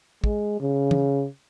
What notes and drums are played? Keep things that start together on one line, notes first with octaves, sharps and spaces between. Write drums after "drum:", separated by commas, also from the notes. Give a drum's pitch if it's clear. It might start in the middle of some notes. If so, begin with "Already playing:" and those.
G#3, drum: kick
C#3
drum: tom